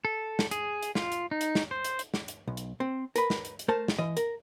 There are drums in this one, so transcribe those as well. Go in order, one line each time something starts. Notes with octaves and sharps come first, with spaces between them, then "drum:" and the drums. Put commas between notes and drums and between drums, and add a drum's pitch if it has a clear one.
A4
drum: snare
G#4, drum: hi-hat
drum: hi-hat
F4, drum: snare
drum: hi-hat
D#4
drum: hi-hat
drum: snare
C5
drum: hi-hat
drum: hi-hat
drum: snare
drum: hi-hat
B1
drum: hi-hat
C4
A#4 B4 B5, drum: hi-hat
drum: snare
drum: hi-hat
drum: hi-hat
A3 A#4 C5 A5
drum: snare
E3 D#5
A#4, drum: hi-hat